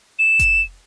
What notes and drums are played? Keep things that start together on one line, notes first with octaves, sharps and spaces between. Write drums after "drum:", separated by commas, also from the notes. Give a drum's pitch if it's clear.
E7
drum: kick F1, hi-hat